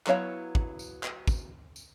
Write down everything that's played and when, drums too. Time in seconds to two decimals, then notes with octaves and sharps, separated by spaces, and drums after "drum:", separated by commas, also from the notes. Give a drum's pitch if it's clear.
0.07 F#3 B3 E4 C#5 F5, drum: clap
0.55 drum: kick
0.79 drum: tambourine
1.03 drum: clap
1.28 drum: kick, tambourine
1.76 drum: tambourine